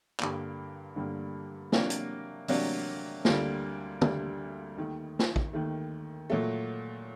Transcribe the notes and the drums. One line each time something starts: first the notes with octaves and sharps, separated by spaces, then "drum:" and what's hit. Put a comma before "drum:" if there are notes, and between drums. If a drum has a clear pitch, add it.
G2 D3 G3 A#3, drum: clap
G2 D3 G3 A#3
C3 F#3 A#3 D4, drum: snare
drum: hi-hat
C3 F#3 A#3 D4, drum: open hi-hat
D2 D3 G3 A#3, drum: snare
D2 D3 G3 A#3, drum: tom
D#2 D#3 A3
drum: snare
drum: kick
D#2 D#3 A3
A#2 F#3 A3